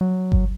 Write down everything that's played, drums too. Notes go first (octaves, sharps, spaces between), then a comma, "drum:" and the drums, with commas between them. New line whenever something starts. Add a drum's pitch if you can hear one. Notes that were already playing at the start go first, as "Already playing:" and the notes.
F#3
drum: kick G1